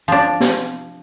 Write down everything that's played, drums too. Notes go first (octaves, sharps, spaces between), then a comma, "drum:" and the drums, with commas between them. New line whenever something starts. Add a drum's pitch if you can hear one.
F3 D4
drum: snare